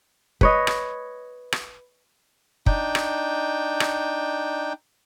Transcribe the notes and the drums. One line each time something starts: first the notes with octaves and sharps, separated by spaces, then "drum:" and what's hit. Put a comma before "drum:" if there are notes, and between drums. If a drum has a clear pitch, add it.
B4 C#5 D#5, drum: kick
drum: rim click
drum: rim click
D4 D#4 G5, drum: kick
drum: rim click
drum: rim click